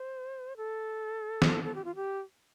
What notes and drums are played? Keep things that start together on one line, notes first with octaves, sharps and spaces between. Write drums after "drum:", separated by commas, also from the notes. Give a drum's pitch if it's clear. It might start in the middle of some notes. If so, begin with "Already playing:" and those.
Already playing: C5
A4
drum: snare
A4
G4
F4
G4